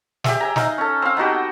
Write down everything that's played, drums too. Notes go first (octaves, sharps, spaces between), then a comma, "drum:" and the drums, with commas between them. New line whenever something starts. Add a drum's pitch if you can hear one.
G4 G#4 E5, drum: snare
E5 G#5 A#5
D#4 D#5 F5, drum: snare
C#4 A4
C4 F5
B3 D#4 F#4 G4